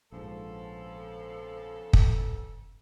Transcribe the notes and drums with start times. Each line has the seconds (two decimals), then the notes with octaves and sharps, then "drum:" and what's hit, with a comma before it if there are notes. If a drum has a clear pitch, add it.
0.12 A#1 G#2 C#3 F3 B3 A4
1.93 drum: kick